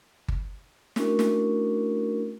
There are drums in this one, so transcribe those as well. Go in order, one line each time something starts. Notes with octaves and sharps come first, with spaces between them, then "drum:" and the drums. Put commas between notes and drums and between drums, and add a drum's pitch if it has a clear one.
drum: kick G1
A3 C#4 D4 E4 F#4 A#4, drum: snare
drum: snare